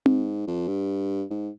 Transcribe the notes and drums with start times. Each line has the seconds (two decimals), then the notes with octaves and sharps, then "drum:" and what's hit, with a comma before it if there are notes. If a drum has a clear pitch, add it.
0.06 G#2, drum: tom C4
0.47 F2
0.68 G2
1.31 G#2